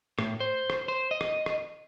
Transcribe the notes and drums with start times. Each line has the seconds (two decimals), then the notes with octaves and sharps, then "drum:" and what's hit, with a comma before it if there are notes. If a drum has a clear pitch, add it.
0.19 A2, drum: rim click
0.40 C5
0.70 drum: rim click
0.88 C5
1.11 D#5
1.21 drum: rim click
1.46 drum: rim click